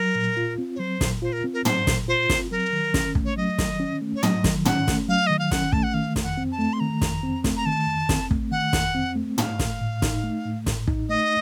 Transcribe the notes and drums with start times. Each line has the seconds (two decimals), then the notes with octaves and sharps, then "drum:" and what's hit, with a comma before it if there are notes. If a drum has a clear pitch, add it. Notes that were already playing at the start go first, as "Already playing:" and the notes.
Already playing: F#3 A#4
0.15 A#2
0.37 F4
0.58 C4
0.75 C#5
0.79 F#3 C5
1.01 A#2, drum: snare
1.22 F4 C5
1.33 A#4
1.44 C4
1.54 A#4
1.65 F#3 C5, drum: tom
1.87 A#2, drum: snare
2.08 F4 C5
2.29 C4, drum: snare
2.51 F#3 A#4
2.73 D#3
2.94 C#4, drum: snare
3.15 A3, drum: kick
3.25 C#5
3.37 F#3 D#5
3.58 D#3, drum: snare
3.80 C#4
4.02 A3
4.16 C#5
4.23 F#3 D#5, drum: tom
4.44 D#3, drum: snare
4.65 C#4 F#5, drum: tom
4.88 A3, drum: snare
5.08 F#3 F5
5.27 D#3 D#5
5.39 F5
5.51 C#4 F#5, drum: snare
5.73 A3 A5, drum: kick
5.83 F#5
5.94 D#3 F5
6.16 F2, drum: snare
6.23 F#5
6.37 C4
6.52 A5
6.59 A3
6.73 C6
6.80 D#3 A#5
7.01 F2, drum: snare
7.23 C4
7.44 A3, drum: snare
7.57 A#5
7.66 D#3 A5
7.87 F2
8.09 C4, drum: snare
8.31 A3, drum: kick
8.52 D#3 F#5
8.73 F2, drum: snare
8.95 C4
9.16 A3
9.38 A3 F5, drum: tom
9.59 A2, drum: snare
9.81 A2
10.02 D#4, drum: snare
10.23 A3
10.45 A2
10.66 A2, drum: snare
10.87 D#4, drum: kick
11.09 A3 D#5